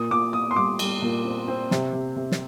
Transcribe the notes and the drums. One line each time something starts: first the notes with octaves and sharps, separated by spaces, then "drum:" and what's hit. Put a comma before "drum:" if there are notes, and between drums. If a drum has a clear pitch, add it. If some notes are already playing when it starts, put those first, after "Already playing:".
Already playing: A#2 D#6
A#2 D6
A#2 D#6
C6
G3 D6
G3, drum: cymbal
A#2
C4
C4
C3, drum: snare
C3
C3
drum: snare